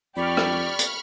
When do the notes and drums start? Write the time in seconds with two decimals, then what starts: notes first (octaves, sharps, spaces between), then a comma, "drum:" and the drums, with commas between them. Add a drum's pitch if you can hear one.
0.16 F2 G4 D5 B5 C#6 F6
0.37 drum: rim click
0.79 drum: hi-hat